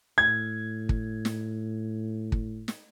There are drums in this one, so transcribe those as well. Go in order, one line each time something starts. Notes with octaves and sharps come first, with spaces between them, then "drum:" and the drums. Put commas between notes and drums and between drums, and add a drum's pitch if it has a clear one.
A2 G#6
drum: kick
drum: snare
drum: kick
drum: snare